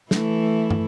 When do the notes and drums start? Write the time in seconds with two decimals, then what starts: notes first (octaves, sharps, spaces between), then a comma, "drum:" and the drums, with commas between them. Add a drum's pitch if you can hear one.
0.11 E3 A3 E4, drum: snare
0.70 drum: tom